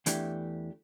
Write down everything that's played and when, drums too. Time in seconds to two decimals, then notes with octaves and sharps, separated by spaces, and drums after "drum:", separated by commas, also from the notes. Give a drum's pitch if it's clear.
0.06 E2 E3 A3 D4 G4, drum: hi-hat